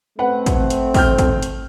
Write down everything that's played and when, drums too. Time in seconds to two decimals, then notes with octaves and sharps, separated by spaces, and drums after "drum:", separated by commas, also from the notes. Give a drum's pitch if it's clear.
0.19 A3 C4 B4 F#5
0.46 drum: kick, hi-hat
0.70 drum: hi-hat
0.94 G5 F6 G6, drum: kick, open hi-hat
1.18 drum: kick, hi-hat
1.42 drum: hi-hat